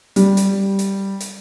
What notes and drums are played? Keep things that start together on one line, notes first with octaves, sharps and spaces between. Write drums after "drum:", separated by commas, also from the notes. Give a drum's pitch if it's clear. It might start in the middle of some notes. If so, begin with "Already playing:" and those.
G3, drum: hi-hat
drum: hi-hat
drum: hi-hat
drum: hi-hat